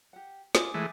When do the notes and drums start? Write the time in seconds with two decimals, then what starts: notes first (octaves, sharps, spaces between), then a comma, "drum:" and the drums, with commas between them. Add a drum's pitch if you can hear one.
0.13 G4 F#5
0.55 F4 D5 D#5 G#5 D6 D#6, drum: snare
0.74 E3 G#3 A3 E5